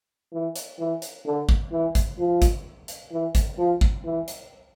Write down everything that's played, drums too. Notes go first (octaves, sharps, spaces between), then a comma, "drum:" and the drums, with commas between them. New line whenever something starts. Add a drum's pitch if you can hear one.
E3
drum: hi-hat
E3
drum: hi-hat
D3
drum: kick
E3
drum: kick, hi-hat
F3
drum: kick, hi-hat
drum: hi-hat
E3
drum: kick, hi-hat
F3
drum: kick
E3
drum: hi-hat